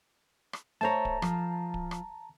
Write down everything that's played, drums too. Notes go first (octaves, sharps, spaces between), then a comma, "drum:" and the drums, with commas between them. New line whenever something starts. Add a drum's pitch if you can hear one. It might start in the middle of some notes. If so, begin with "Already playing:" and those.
drum: rim click
A3 C5 C#5 A5 A#5
drum: kick D1
F3, drum: rim click
drum: kick D1
drum: rim click